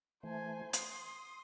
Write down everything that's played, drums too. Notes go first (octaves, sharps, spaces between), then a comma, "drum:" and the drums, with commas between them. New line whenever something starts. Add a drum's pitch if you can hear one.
E3 A3 C5 G#5
C6 D#6, drum: hi-hat